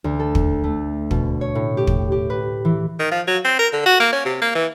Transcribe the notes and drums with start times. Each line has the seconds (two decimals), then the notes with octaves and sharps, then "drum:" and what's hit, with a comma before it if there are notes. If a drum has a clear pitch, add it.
0.04 D2
0.20 A4
0.35 drum: kick
0.64 A3
1.11 B2, drum: kick
1.41 C#5
1.55 A2
1.77 G4
1.87 drum: kick
2.12 G4
2.30 B4
2.65 E3
2.99 D#3
3.11 F3
3.27 F#3
3.44 C4
3.59 A#4
3.73 D3
3.86 F#4
4.00 A#3
4.12 C#4
4.25 C3
4.41 A#3
4.55 E3